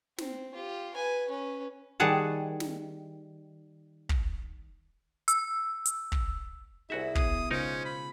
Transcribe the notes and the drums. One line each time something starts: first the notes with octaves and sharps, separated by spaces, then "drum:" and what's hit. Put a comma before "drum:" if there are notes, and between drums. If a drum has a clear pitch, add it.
C4, drum: snare
F4 G4
B4 G#5
C#4 B4
D#3 G3 G#4 F#5 A5
drum: snare
drum: kick
E6, drum: hi-hat
drum: hi-hat
drum: kick
C2 E4 F#4 G#4 E5
B2 G#4 D#6, drum: kick
C#3 G#3 C#4 D#4 F4 A#4 C5
B5